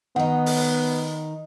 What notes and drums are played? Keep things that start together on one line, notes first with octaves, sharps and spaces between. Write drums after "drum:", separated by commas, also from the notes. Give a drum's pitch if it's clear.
D#3 B3 D#4 F#5
drum: open hi-hat